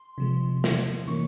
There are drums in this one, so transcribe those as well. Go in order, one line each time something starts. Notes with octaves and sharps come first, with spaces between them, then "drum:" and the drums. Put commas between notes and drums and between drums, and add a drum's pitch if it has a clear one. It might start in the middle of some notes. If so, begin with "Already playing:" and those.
Already playing: C6
C3 F3 G#3
drum: snare
C3 E3 A#3 C#4 C#6